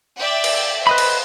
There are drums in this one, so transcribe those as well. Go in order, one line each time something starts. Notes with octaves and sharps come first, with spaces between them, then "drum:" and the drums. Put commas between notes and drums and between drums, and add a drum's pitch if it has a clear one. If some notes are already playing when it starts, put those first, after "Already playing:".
D5 E5 G5
drum: cymbal
B4 C5 D#5 B5
drum: cymbal